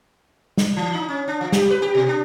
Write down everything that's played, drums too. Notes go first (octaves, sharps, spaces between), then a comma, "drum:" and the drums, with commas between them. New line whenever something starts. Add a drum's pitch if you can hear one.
drum: snare
E3
D#4
C#4
D4
F3
G4, drum: snare
B4
G4
B2
D4